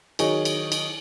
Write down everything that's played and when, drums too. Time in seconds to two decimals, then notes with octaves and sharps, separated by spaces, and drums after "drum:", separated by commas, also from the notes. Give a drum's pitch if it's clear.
0.19 D#3 F#3 D#4 G#4 C#5, drum: cymbal
0.45 drum: cymbal
0.72 drum: cymbal